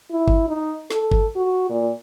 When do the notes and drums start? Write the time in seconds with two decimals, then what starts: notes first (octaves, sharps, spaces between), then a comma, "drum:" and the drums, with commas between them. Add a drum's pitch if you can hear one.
0.11 E4
0.28 drum: kick G#1
0.48 D#4
0.91 A4, drum: snare
1.11 drum: kick G#1
1.36 F#4
1.70 A#2